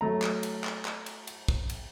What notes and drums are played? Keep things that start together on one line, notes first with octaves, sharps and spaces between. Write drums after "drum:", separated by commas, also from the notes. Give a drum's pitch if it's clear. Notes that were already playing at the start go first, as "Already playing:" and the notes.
F#3 A3 A#5
drum: clap
drum: cymbal
drum: clap
drum: clap
drum: cymbal
drum: cymbal
drum: kick
drum: cymbal